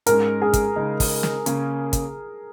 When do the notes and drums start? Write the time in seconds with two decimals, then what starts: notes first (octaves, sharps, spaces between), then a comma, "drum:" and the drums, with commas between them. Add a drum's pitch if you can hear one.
0.06 G#2 G#3 C#4 A#4, drum: hi-hat
0.42 G#4
0.53 drum: kick, hi-hat
0.76 C#3 G#3 D#4
1.00 drum: kick, open hi-hat
1.23 drum: snare
1.46 C#3 A#3 C#4, drum: hi-hat
1.93 drum: kick, hi-hat